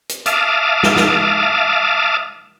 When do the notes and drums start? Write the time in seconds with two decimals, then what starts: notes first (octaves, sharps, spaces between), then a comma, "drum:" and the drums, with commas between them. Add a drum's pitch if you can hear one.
0.09 drum: hi-hat
0.26 E5 F5 A5 D6 D#6 F6, drum: hi-hat
0.83 drum: snare
0.96 drum: snare